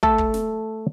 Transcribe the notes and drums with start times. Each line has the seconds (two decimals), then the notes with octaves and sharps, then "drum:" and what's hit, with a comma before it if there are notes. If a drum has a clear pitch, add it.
0.03 A3 A4, drum: kick
0.18 drum: kick
0.34 drum: snare